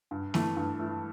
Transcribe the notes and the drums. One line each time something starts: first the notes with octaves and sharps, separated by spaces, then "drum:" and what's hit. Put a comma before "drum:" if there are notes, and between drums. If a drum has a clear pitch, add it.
G2
E3 A3, drum: snare
G2
E3 A3